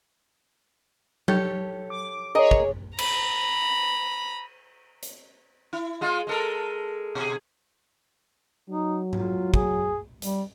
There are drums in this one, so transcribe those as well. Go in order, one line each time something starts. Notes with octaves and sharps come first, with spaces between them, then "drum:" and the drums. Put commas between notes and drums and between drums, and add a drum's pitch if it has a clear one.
G4 A4 C#5, drum: tom F#3
D6
G#4 A#4 C#5 D#5
drum: kick
A#5 B5, drum: cymbal
drum: hi-hat
E4
G#3 F4
G#3 A4 A#4
B2 G#4
F#3 D#4
F4, drum: tom G#2
G#4, drum: kick
G3, drum: hi-hat